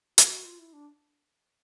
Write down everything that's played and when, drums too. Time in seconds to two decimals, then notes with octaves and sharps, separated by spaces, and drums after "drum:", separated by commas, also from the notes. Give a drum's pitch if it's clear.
0.18 F#4, drum: hi-hat
0.44 F4
0.59 E4
0.73 D4